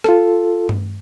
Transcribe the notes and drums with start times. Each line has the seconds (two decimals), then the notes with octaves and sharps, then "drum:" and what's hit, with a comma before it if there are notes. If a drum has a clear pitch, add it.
0.04 F4 A4, drum: rim click
0.69 drum: tom G2